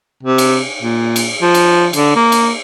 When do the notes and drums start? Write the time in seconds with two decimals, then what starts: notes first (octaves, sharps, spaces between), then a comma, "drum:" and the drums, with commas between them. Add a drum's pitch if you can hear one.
0.23 C3
0.38 drum: cymbal
0.82 A#2
1.16 drum: cymbal
1.42 F3
1.54 drum: cymbal
1.93 D3, drum: cymbal
2.16 A#3
2.32 drum: cymbal